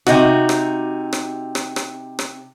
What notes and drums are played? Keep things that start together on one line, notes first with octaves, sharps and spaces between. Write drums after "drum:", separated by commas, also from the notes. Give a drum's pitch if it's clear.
C3 D#4 F#4, drum: rim click
drum: rim click
drum: rim click
drum: rim click
drum: rim click
drum: rim click